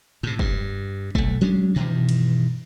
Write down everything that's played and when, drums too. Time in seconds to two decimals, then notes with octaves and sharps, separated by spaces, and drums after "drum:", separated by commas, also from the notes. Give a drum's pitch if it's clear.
0.23 A2 C3
0.39 G2, drum: kick
1.15 B1 A3, drum: kick
1.41 F#3 G#3 C#4 D4
1.74 G2 B2 D#3 E3
2.09 drum: cymbal